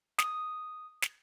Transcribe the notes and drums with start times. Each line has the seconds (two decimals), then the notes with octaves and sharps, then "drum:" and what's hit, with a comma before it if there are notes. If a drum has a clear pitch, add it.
0.19 D#6, drum: snare
1.02 drum: snare